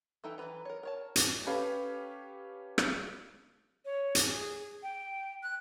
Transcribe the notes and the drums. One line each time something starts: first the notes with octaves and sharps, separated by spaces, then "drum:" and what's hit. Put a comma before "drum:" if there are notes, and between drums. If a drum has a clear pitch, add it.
E3 D#4 A4 E5 G5
E3 F3 B4 A#5
A#4 C#5
A#4 C#5 A5
drum: hi-hat
C#4 G4 A4 B4 F5
drum: rim click
C#5
drum: hi-hat
G#4
G5
F#6